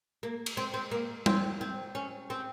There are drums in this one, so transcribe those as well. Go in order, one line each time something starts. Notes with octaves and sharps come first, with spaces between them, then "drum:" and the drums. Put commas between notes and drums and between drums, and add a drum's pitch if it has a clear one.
A#3
drum: cymbal
C4
C4
A#3
C4, drum: tom G3
C4
C#4
C4